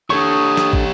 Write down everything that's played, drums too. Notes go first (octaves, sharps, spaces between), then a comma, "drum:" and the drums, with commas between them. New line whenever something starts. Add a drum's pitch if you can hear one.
D4 G4 A4 C#5 C#6 D#6
drum: snare
drum: kick